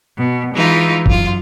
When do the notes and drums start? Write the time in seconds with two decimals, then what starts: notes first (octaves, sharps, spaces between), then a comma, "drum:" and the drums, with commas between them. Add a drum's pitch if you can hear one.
0.17 B2
0.53 E3 G#3 D#4 F4
1.06 F#2 F4, drum: kick F1